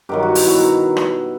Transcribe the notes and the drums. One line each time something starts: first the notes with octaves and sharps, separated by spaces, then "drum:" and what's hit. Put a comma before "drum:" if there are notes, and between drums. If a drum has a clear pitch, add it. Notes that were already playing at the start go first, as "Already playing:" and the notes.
G2 D#3 F#3 G4
F#4
E4, drum: open hi-hat
B2 F#3 F#4
drum: rim click